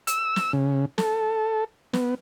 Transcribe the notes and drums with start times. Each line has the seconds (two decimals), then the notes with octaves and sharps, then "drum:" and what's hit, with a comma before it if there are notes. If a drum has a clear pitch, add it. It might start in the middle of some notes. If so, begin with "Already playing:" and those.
0.07 E6, drum: hi-hat
0.36 drum: snare
0.53 C#3
0.98 A4, drum: snare
1.93 B3, drum: snare